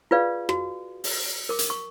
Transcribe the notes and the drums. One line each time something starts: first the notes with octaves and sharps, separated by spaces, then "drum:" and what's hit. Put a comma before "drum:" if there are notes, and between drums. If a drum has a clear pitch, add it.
F4 G#4 B4 D5 F5
F#4, drum: rim click
drum: open hi-hat
A#4 D6
drum: hi-hat
C#6